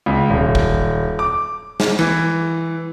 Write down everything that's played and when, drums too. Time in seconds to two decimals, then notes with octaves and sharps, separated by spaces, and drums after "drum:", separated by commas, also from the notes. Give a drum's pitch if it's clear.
0.06 C#2
0.30 D#1
0.55 drum: kick
1.19 D6
1.80 drum: snare
1.99 E3, drum: rim click